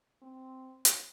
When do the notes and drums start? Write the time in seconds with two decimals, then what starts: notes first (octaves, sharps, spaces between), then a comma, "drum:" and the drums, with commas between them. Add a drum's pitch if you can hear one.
0.22 C4
0.85 drum: hi-hat